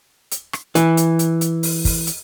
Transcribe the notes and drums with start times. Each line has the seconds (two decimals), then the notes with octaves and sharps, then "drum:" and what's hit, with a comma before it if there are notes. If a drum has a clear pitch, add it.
0.31 drum: hi-hat
0.53 drum: rim click
0.75 E3, drum: hi-hat
0.97 drum: hi-hat
1.19 drum: hi-hat
1.41 drum: hi-hat
1.63 drum: open hi-hat
1.85 drum: kick, open hi-hat
2.07 drum: hi-hat